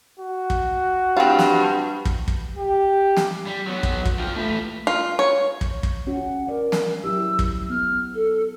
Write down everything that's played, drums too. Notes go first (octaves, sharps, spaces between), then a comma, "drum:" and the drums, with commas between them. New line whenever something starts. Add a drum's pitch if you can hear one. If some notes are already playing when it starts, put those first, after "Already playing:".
F#4
drum: kick
G2 C4 F4
drum: snare
drum: kick
drum: kick
G4
drum: snare
G3
F#3 B3
drum: kick
drum: kick
F4 G5
A3 B4
F4
C#5
drum: kick
drum: kick
C#4 F#4 F#5
A#4 D5
drum: snare
F#3 E4 G4 E6
drum: kick
B3 F6
A4